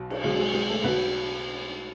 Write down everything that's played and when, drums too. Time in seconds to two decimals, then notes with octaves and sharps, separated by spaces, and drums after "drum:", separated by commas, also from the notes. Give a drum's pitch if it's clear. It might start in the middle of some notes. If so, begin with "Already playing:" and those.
Already playing: B1 B2 F#3 F#4
0.10 drum: cymbal
0.24 B1 B2 F#3 G#3 G#4
0.39 G#3 G#4
0.54 G#3 G#4
0.69 A3 A4
0.84 B1 B2 F#3 B3 B4